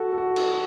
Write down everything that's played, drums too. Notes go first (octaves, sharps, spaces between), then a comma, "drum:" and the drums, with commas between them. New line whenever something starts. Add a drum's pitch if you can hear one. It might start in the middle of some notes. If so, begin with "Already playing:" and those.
Already playing: F#4 A4
A4
F#4
drum: cymbal